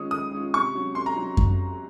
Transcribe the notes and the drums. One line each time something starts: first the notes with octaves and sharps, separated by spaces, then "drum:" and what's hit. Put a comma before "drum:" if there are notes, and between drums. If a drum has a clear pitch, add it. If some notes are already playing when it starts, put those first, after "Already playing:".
Already playing: D#3 G#3 C#4 F4 D#6
D#3 D#6
G#3 C#4 F4
C3 C#6
F#3 C#4 F#4
C3 C6
A#5
F#3 C#4 F#4
drum: kick F#2